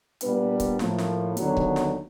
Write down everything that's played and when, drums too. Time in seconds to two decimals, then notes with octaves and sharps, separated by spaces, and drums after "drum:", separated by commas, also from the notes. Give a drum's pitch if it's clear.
0.21 A#2 G3 B3 D4 B4, drum: hi-hat
0.60 drum: kick C#1, hi-hat
0.79 A2 F3 A#3, drum: snare
0.98 drum: snare
1.37 D#2 D3 F#3 B3 F#4, drum: hi-hat
1.57 drum: kick C#1
1.76 drum: snare